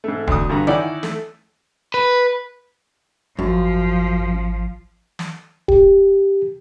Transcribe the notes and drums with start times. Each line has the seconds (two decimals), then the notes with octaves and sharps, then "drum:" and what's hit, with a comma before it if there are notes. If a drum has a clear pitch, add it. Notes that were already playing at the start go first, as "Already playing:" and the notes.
0.04 G#2 A3
0.27 D2 D#6, drum: kick D#1
0.49 G2 D3 A#5
0.67 C#4 D#4 E4 D5 F#5 G5, drum: tom D#3
1.03 A3, drum: snare
1.94 B4
3.39 G#1 F#2 F3
5.19 drum: snare
5.68 G4, drum: kick D#1